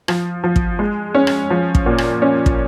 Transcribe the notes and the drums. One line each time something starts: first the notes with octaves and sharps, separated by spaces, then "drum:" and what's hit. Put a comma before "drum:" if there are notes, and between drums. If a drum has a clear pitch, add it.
F3, drum: rim click
F3
drum: kick
G#3
C#4
drum: rim click
F3
drum: kick
A#2
drum: rim click
C#4
drum: kick